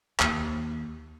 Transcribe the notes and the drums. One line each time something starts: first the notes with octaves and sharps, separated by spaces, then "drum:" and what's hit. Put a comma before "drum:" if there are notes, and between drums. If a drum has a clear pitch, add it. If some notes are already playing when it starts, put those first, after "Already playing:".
D#2, drum: clap